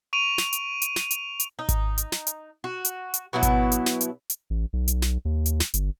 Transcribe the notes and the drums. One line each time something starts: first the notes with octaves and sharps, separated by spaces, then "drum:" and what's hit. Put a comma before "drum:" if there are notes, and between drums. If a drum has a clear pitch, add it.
C#6 D7 D#7 F7
drum: snare
drum: hi-hat
drum: hi-hat
drum: snare
drum: hi-hat
drum: hi-hat
D#4
drum: kick G#1, hi-hat
drum: hi-hat
drum: snare
drum: hi-hat
F#4
drum: hi-hat
drum: hi-hat
B2 F#3 B3 E4
drum: kick G#1, hi-hat
drum: hi-hat
drum: snare
drum: hi-hat
drum: hi-hat
A1
B1
drum: hi-hat
drum: snare
D#2
drum: hi-hat
drum: snare
G1, drum: hi-hat